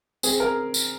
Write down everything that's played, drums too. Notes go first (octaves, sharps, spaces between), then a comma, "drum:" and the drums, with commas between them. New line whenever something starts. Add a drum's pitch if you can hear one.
C4 G#4, drum: tambourine
A#4
drum: tambourine